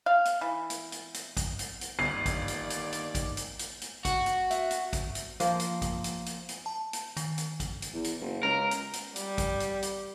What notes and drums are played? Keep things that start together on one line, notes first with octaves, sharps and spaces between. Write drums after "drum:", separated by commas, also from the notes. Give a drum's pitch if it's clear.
F5
drum: hi-hat
E3
drum: hi-hat
drum: hi-hat
drum: hi-hat
drum: kick A1, hi-hat
drum: hi-hat
drum: hi-hat
G1 D#2 D5 C7
drum: kick A1, hi-hat
drum: hi-hat
drum: hi-hat
drum: hi-hat
drum: kick A1, hi-hat
drum: hi-hat
drum: hi-hat
drum: hi-hat
F#4, drum: kick A1, hi-hat
drum: hi-hat
E5, drum: hi-hat
drum: hi-hat
drum: kick A1, hi-hat
drum: hi-hat
F3 A#3, drum: hi-hat
drum: hi-hat
drum: kick A1, hi-hat
drum: hi-hat
drum: hi-hat
drum: hi-hat
A5
drum: hi-hat
D#3, drum: hi-hat
drum: hi-hat
drum: kick A1, hi-hat
drum: hi-hat
E2
drum: hi-hat
F#1
C#2 A#4
drum: hi-hat
drum: hi-hat
G3, drum: hi-hat
drum: kick A1, hi-hat
drum: hi-hat
drum: hi-hat